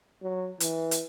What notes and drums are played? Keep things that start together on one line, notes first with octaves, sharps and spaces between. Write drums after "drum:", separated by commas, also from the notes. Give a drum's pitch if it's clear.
F#3
E3, drum: hi-hat
drum: hi-hat